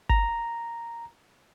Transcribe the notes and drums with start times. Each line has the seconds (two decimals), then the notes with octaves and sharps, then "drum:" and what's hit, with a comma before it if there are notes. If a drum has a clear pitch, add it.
0.09 A#5, drum: kick G1